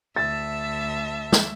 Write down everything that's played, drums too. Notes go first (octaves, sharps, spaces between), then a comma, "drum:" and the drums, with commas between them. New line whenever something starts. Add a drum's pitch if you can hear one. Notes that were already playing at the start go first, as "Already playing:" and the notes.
D2 E5 A5 A6
drum: snare